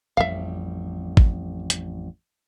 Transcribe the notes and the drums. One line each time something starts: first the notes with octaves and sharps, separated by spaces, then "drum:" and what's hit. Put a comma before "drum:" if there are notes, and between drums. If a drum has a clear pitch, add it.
A1 F2 G3 E5 F5
drum: kick G#1
drum: hi-hat